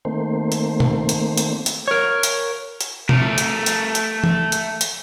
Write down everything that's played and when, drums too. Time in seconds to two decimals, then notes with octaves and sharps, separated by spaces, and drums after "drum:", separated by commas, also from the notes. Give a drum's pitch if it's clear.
0.05 D#3 A3 A#3 C4 C5
0.52 drum: hi-hat
0.80 drum: tom B2
1.09 drum: hi-hat
1.38 drum: hi-hat
1.66 drum: hi-hat
1.88 A#4 C#5
2.23 drum: hi-hat
2.81 drum: hi-hat
3.09 A3 A#4, drum: tom B2
3.38 drum: hi-hat
3.66 drum: hi-hat
3.95 drum: hi-hat
4.24 drum: tom E3
4.52 drum: hi-hat
4.81 drum: hi-hat